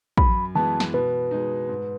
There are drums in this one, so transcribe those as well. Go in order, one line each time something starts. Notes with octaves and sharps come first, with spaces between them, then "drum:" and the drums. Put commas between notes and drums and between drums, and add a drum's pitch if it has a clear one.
F#2 B5, drum: kick
E3 G#3 B3 A5
drum: snare
B2 B4
G#3 D#4
G#2